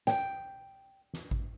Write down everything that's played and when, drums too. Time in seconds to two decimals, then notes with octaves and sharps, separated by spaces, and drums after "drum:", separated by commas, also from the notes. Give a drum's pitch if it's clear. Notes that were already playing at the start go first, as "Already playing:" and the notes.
0.07 G5, drum: snare
1.14 drum: snare
1.31 drum: kick G#1